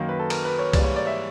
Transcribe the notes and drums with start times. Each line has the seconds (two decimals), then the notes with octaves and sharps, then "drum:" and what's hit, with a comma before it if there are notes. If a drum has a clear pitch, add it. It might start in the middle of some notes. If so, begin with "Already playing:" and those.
Already playing: F#2 D#3 F#3 A#3
0.09 B4
0.19 A4
0.30 A#4, drum: cymbal
0.45 B4
0.59 C#5
0.73 G#2 E3 G3 A#3 D5, drum: kick C2, cymbal
0.84 C#5
0.96 D5
1.07 E5